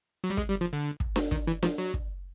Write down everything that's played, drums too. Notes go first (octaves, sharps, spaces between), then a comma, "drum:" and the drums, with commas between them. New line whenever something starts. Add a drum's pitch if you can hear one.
F#3
G3
G#3, drum: kick
G3
F3
D3
drum: kick
drum: snare D4
D#3, drum: kick
E3
F3, drum: snare D4
F#3
drum: kick